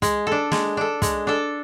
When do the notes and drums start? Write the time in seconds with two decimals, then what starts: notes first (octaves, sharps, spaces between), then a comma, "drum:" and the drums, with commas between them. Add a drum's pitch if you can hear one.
0.02 G#3, drum: kick, hi-hat
0.27 D4 A4
0.52 G#3, drum: snare
0.77 D4 A4
1.02 G#3, drum: kick, hi-hat
1.27 D4 A4